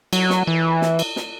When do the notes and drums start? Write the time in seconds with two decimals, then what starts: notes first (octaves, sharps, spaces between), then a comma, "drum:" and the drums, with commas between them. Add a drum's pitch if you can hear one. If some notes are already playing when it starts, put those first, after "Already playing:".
0.13 F#3, drum: cymbal
0.30 drum: snare
0.47 E3
0.82 drum: snare
0.99 drum: cymbal
1.16 drum: snare